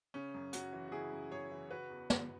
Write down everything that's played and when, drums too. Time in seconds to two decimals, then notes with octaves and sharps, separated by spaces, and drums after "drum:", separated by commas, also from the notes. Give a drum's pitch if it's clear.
0.14 C#3 C#4
0.34 F#2
0.53 F#2 C#4 F#4, drum: hi-hat
0.73 E3
0.88 F#4
0.92 C#3 E4 G#4
1.12 F#2
1.32 F#2 G#4 C#5
1.51 E3
1.71 C#3 F#4 B4
1.90 E2
2.10 E2, drum: snare